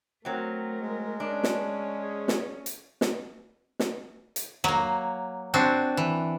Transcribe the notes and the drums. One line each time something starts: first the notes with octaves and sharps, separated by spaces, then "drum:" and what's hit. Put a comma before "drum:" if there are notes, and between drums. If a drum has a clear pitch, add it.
F#3 A3 C4 A#4
G#3
C#4 D4
drum: snare
G#4
drum: snare
drum: hi-hat
drum: snare
drum: snare
drum: hi-hat
F#3 A#3, drum: rim click
C4 D4 F#4
E3